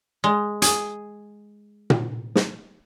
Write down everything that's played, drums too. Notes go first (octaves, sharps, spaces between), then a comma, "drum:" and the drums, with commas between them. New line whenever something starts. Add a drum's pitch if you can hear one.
G#3
G#4, drum: hi-hat
drum: tom A#2
drum: snare